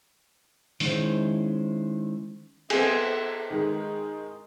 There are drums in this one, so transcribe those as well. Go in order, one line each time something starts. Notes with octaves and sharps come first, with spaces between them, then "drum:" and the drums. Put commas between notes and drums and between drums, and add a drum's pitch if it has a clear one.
D#3 G#3 C#4 E4 C5, drum: open hi-hat
B3 C4 G#4 A4 E5, drum: cymbal
D#3 G#3 D#4